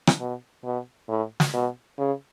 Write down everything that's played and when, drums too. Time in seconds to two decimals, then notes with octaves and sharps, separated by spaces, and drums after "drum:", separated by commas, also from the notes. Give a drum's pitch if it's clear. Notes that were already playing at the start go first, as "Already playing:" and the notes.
0.07 drum: rim click
0.20 B2
0.64 B2
1.08 A2
1.40 drum: snare
1.53 B2
1.98 C#3